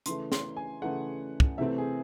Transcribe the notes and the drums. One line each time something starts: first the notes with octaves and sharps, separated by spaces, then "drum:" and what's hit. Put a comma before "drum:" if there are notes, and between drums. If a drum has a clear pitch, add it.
C#3 E3 A3 C6, drum: hi-hat
C6, drum: snare
G#5
C#3 E3 A3 F#5
drum: kick
C3 E3 A3 C4 E5
G#4